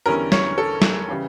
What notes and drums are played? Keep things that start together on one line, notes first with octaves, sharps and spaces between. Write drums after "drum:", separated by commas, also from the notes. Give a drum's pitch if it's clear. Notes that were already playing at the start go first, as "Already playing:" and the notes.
E2 D3 G3 C#4 E4 A#4
C#5, drum: snare
A4
drum: snare
C#3 E3 G3